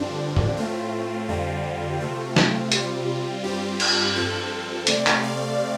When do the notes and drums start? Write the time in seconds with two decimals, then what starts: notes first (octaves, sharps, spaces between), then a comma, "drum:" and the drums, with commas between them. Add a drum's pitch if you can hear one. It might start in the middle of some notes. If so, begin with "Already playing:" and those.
Already playing: G2 D3 F3 C4 D4
0.36 drum: tom G#2
0.57 A2 A3 C4 F4
1.28 F2 D3 G3 C4 F4
2.00 C3 A3 C4
2.36 drum: snare
2.72 C3 G3 C4, drum: hi-hat
3.44 G2 G3 C4 G4
3.80 drum: cymbal
4.15 G2 F3 C4 A4
4.87 C3 A3 C4 D5, drum: hi-hat
5.07 drum: clap
5.23 F5